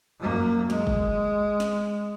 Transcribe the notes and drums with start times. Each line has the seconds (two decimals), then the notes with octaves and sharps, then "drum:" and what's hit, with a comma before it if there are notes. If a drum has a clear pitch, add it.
0.19 F#2 A#3
0.70 G#3, drum: snare
0.87 drum: kick
1.60 drum: snare